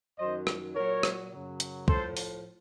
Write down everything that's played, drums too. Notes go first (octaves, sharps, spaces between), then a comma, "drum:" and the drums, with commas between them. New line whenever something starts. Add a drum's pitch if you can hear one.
F#2 D#3 F#3 C5 D#5
drum: rim click
A#2 F#3 A#4 C#5
drum: rim click
F#2 C#3 F#3
drum: hi-hat
A2 F3 A4 C5, drum: kick
drum: open hi-hat